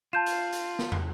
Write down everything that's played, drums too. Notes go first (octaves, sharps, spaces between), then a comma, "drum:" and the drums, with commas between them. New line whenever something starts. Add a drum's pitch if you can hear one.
F4 A5 G6 E7
drum: hi-hat
drum: hi-hat
drum: snare
drum: tom